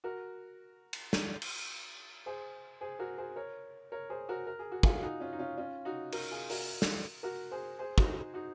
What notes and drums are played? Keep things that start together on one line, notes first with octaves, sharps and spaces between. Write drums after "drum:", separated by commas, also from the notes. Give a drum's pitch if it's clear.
F#4 A#4
drum: cymbal
drum: snare
drum: cymbal
G#4 C5
G#4 C5
F#4 A#4
G#4 C5
A#4 C#5
A#4 C#5
G#4 C5
F#4 A#4
A#4
G#4
F#4
F4 G#4, drum: kick
D#4 F#4
C#4 F4
D#4
C#4 F4
C#4 F4
D#4 F#4
F#4 A#4, drum: cymbal
F4 G#4
F#4 A#4, drum: open hi-hat
drum: snare
F#4 A#4
G#4 C5
G#4 C5
D#4 F#4, drum: kick
D#4 F#4